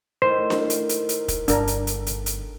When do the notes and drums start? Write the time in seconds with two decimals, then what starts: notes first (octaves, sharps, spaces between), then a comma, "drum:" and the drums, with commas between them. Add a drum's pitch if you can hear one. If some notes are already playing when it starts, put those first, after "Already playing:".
0.22 A2 D#3 C5
0.50 drum: snare D4
0.70 drum: hi-hat
0.89 drum: hi-hat
1.09 drum: hi-hat
1.28 drum: kick, hi-hat
1.48 G1 D4 A#4, drum: hi-hat
1.67 drum: hi-hat
1.87 drum: hi-hat
2.07 drum: hi-hat
2.26 drum: hi-hat